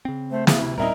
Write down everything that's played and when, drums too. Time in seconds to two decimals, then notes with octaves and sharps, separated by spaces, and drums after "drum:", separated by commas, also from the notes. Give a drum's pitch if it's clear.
0.05 C#3 C4
0.31 A3 C5
0.47 D2 A2 E3 A#3 G#4, drum: snare
0.61 C3 E4
0.78 D#1 A#2 G3 C4 D#4 E4 A#4 A#5